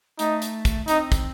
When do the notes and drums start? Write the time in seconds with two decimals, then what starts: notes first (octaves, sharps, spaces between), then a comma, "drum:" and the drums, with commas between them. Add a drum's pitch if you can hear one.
0.19 A3 D#4, drum: hi-hat
0.42 drum: hi-hat
0.65 drum: kick, hi-hat
0.88 C4 D#4, drum: hi-hat
1.12 drum: kick, hi-hat